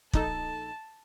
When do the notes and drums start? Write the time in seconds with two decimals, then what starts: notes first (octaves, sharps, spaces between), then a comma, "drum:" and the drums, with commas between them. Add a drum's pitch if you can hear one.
0.13 A#1 D#4 A4 A5, drum: kick